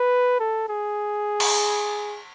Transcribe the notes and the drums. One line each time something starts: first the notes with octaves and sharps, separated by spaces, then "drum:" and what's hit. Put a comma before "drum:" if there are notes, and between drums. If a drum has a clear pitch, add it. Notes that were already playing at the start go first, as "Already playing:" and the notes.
Already playing: B4
A4
G#4
drum: cymbal